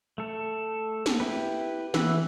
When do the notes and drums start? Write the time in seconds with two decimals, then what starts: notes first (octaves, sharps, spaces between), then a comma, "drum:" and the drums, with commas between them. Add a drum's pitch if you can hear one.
0.18 A3 A4
1.06 drum: snare
1.20 E4 G4 B4
1.94 E3 B4 E5 F#5, drum: snare